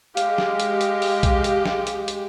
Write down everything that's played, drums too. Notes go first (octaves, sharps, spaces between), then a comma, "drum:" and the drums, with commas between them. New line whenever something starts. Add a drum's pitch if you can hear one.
G#3 G4 F5, drum: hi-hat
drum: snare
drum: hi-hat
drum: hi-hat
drum: open hi-hat
drum: kick, hi-hat
drum: hi-hat
drum: snare
drum: hi-hat
drum: hi-hat